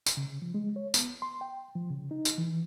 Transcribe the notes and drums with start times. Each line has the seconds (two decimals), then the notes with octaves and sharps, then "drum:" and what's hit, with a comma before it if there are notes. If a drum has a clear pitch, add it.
0.06 drum: tambourine
0.17 C#3
0.42 F3
0.54 G#3
0.76 C#5
0.94 B3, drum: tambourine
1.22 C6
1.41 G5
1.76 F3
1.90 C#3
2.11 D#4
2.25 drum: tambourine
2.38 E3